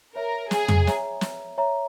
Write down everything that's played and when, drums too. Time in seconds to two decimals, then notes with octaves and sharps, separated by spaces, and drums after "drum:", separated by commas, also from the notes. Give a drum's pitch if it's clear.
0.16 A#4 C#5 E5 A#5
0.51 G#4, drum: snare
0.68 drum: tom
0.87 C#5 E5 A#5, drum: snare
1.21 drum: snare
1.58 C#5 E5 A#5